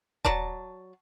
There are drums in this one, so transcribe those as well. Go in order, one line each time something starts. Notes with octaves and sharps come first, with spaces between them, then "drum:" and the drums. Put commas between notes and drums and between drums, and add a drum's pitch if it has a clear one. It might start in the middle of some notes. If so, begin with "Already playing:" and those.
F#3 D5 A5, drum: kick D#1